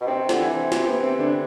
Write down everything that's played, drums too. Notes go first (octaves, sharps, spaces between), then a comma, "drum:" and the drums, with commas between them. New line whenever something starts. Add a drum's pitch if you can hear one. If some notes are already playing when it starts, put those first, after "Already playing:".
B2
C3 C4
D3, drum: snare
E3 E4
C3
C4, drum: snare
B3
C4
D3 D4